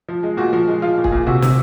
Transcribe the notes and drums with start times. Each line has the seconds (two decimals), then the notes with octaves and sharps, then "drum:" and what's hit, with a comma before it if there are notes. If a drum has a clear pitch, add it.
0.08 F3
0.23 G#3
0.37 A#2 F#4
0.53 F3
0.67 G#3
0.82 F3 F4
0.98 A#2
1.04 G#4, drum: kick
1.12 A#2
1.27 C3 F#4
1.42 C3, drum: snare